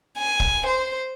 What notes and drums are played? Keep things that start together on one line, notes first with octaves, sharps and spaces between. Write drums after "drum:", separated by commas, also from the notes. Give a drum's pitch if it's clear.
G#5
drum: kick C#1
C5